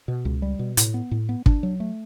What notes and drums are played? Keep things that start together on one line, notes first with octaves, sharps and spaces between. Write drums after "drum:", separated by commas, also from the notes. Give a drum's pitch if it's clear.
B2
C#2
G3
B2
A2, drum: hi-hat
B3
A2
B3
D4, drum: kick
F#3
A3